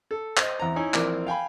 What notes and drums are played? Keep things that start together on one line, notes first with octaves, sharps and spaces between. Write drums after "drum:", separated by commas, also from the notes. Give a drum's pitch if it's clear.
A4
C5 D#5, drum: clap
E2 C4 A#5
C#4 D#4 E4 G#5
A#1 E3 C4 A#4 D5 D6, drum: clap
F5 G5 G#5 B5